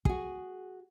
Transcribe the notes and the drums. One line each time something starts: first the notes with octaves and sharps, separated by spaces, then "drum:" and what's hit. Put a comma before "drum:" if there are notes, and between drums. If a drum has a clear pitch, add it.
F#4 G#4, drum: kick